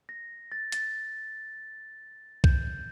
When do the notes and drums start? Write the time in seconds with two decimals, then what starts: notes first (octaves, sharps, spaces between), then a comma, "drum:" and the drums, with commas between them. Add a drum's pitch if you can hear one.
0.09 A#6
0.52 A6
0.72 A6, drum: hi-hat
2.44 G6, drum: kick C2